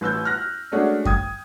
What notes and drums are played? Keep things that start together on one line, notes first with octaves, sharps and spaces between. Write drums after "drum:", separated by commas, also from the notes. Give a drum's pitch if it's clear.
A1 B4 E6 G6
F6 F#6 A#6
G#3 A3 C#4 D4 F#4 G#4
G5 D#6 G#6, drum: kick F#2